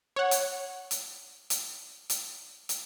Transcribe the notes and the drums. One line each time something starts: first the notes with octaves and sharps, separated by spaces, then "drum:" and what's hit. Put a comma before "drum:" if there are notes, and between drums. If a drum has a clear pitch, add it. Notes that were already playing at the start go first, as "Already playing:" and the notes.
C#5 F#5
drum: hi-hat
drum: hi-hat
drum: hi-hat
drum: hi-hat
drum: hi-hat